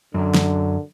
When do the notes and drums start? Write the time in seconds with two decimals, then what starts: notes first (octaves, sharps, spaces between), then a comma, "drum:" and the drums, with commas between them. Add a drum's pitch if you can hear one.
0.14 F#2 D3 F#3
0.34 drum: snare